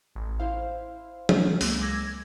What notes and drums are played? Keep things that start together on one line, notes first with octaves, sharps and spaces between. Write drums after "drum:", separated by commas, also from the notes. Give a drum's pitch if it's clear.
A1
E4 C5 F5
F#3 G#3, drum: tom
C#2 G#3 A#3 E6, drum: open hi-hat
D6 E6 G#6 A#6